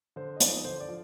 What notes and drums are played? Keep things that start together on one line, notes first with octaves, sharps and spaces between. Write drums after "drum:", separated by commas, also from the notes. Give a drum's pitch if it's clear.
D3 C5
D#5
F3 B3 D#4 D5, drum: hi-hat
D3 C5
D5
F3